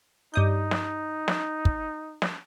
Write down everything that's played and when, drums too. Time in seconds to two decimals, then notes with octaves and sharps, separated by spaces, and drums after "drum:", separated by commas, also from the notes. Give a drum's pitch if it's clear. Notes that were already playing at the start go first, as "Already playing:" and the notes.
0.34 G2 D#4 D#5 G6
0.71 drum: snare
1.28 drum: snare
1.65 drum: kick
2.22 drum: snare